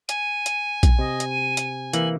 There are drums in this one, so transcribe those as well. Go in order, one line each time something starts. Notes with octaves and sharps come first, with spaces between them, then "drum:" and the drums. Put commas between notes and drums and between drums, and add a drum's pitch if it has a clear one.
G#5 D#7, drum: hi-hat
drum: hi-hat
drum: kick A#1, hi-hat
C3 D#5
drum: hi-hat
D#7
drum: hi-hat
E3 A#3 F#7, drum: hi-hat